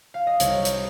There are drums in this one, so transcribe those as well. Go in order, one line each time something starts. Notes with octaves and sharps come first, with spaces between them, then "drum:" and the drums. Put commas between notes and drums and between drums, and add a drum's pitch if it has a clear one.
F5
D#5
C2 C#5, drum: hi-hat
drum: hi-hat